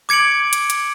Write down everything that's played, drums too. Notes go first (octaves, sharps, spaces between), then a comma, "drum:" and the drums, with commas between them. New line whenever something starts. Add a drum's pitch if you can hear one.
D6 G#6 C#7 D7 F#7
drum: hi-hat
drum: hi-hat